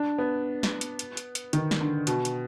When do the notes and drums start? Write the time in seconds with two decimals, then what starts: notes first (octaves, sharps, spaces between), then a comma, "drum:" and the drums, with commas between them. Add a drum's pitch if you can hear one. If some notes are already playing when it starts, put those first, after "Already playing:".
Already playing: D4
0.18 B3
0.63 drum: snare
0.81 drum: hi-hat
0.99 drum: hi-hat
1.17 drum: hi-hat
1.35 drum: hi-hat
1.53 D#3, drum: hi-hat
1.71 drum: snare
1.81 D3
2.07 B2, drum: hi-hat
2.25 drum: hi-hat